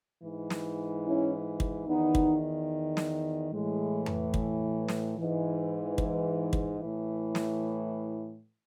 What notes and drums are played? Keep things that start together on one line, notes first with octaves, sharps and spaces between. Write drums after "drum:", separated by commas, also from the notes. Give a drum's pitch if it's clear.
G#2 E3
drum: snare
C#4 E4
drum: kick
E2 D#3 B3 D#4
drum: kick
drum: snare
A2 E3 G#3
drum: tom F2
drum: kick
drum: snare
G#2 E3
drum: kick
drum: kick
A2 E3
drum: snare